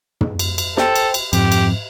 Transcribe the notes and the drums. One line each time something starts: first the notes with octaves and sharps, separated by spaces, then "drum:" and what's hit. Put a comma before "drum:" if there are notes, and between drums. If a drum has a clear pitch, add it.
drum: tom
drum: cymbal
drum: cymbal
A4 C5 G5, drum: snare
drum: cymbal
drum: cymbal
F2 G#2 G4, drum: cymbal
drum: cymbal